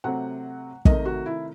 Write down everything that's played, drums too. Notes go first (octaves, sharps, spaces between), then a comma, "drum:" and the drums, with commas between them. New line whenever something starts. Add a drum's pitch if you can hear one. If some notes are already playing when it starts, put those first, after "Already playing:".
C3 F#3 A3 C4 F#5
C3 D#3 A3 D#5, drum: kick
F#4
E4